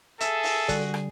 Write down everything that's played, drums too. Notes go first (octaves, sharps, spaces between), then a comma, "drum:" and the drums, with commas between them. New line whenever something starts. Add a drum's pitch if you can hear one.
G#4 A4 E5, drum: hi-hat
drum: open hi-hat
D3 G3 F#4, drum: kick, hi-hat
drum: rim click